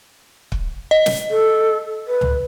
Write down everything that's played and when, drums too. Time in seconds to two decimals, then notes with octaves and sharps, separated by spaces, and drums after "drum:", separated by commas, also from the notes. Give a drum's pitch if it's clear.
0.52 drum: kick
0.91 D#5
1.06 drum: snare
1.30 A4
2.07 B4
2.21 drum: tom C#2